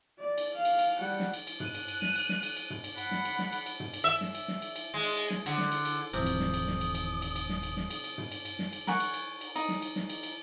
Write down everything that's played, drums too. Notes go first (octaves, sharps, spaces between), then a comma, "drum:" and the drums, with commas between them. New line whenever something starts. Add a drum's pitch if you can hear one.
D5
drum: cymbal
F5
drum: cymbal
drum: cymbal
G3 F#5
drum: snare
drum: cymbal
drum: cymbal
F#6 D#7, drum: tom
drum: cymbal
drum: cymbal
drum: snare
drum: cymbal
drum: snare
drum: cymbal
drum: cymbal
drum: tom
drum: cymbal
F#5 B5, drum: cymbal
drum: snare
drum: cymbal
drum: snare
drum: cymbal
drum: cymbal
drum: tom
drum: cymbal
E5
drum: snare
drum: cymbal
drum: snare
drum: cymbal
drum: cymbal
G#3
drum: cymbal
drum: cymbal
drum: snare
D3, drum: cymbal
drum: snare
drum: cymbal
drum: cymbal
D#1 G#1 G#2 C3 E3 F3 D#6, drum: cymbal
drum: cymbal
drum: snare
drum: cymbal
drum: snare
drum: cymbal
drum: cymbal
drum: cymbal
drum: cymbal
drum: snare
drum: cymbal
drum: snare
drum: cymbal
drum: cymbal
drum: tom
drum: cymbal
drum: cymbal
drum: snare
drum: cymbal
A#4 F#5 G#5 C#6, drum: snare
drum: cymbal
drum: cymbal
drum: cymbal
D#4, drum: cymbal
drum: snare
drum: cymbal
drum: snare
drum: cymbal
drum: cymbal